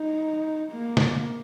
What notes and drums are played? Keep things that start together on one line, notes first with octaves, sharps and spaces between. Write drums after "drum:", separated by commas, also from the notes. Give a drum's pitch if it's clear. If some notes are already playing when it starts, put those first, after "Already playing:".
Already playing: D#4
A#3
drum: snare